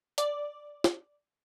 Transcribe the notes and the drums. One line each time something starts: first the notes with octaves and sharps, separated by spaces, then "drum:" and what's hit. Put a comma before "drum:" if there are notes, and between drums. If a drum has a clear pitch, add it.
D5, drum: hi-hat
drum: snare